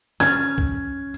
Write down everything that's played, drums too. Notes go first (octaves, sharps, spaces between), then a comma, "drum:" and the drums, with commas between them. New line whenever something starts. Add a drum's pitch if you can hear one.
C#4 F6 G#6 A6, drum: rim click
drum: kick C#2